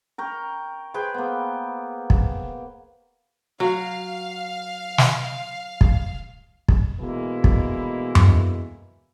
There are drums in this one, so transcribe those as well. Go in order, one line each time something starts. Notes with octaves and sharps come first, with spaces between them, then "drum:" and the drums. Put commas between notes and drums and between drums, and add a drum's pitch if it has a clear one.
A#4 G5 C#6
G#4 B4 C5 G5
A#3 B3
drum: kick
F#3 F5
drum: snare
drum: kick
drum: kick
B2 D3 E3 G#3 A#3 E4
drum: kick
drum: tom F#2